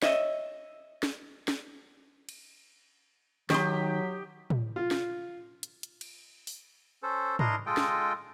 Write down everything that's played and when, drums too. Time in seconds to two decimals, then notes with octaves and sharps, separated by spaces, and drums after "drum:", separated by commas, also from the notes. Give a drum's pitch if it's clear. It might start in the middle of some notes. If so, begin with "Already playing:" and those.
0.03 C#5 D#5 E5, drum: snare
1.03 drum: snare
1.48 drum: snare
2.29 drum: cymbal
3.50 D#3 F#3 G4 D#5 C6, drum: snare
4.50 drum: tom A2
4.76 F4
4.91 drum: snare
5.63 drum: hi-hat
5.83 drum: hi-hat
6.01 drum: cymbal
6.47 drum: open hi-hat
7.03 C#4 A4 C5
7.39 D4 E4 A#4 D#5 A#5 C6, drum: tom G#2
7.66 G#3 F4 A4 D#5 G5
7.77 drum: snare